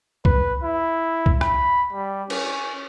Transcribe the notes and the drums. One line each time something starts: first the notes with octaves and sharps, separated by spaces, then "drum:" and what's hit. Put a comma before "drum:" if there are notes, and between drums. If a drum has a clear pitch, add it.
B4, drum: kick C2
E4
drum: kick C2
B5, drum: rim click
G3
C#4, drum: cymbal